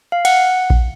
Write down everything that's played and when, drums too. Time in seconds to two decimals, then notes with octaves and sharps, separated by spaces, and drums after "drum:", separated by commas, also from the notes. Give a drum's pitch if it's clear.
0.12 F5
0.25 F#5, drum: cymbal
0.70 drum: kick A#1